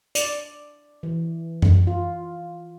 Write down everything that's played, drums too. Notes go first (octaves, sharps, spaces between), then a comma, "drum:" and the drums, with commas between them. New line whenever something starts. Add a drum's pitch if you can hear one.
D5, drum: hi-hat
E3
drum: tom F#2
F4